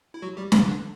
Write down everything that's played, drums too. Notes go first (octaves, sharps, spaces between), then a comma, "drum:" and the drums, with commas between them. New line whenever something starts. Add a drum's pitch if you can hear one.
E4
F#3 F#4
G3 G4
D3 D4, drum: snare
D3 D4